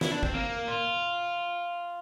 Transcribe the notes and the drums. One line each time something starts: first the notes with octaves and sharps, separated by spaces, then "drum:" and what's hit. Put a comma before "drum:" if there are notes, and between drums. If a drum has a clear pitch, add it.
E4, drum: snare
D4
C4, drum: kick
A#3
F4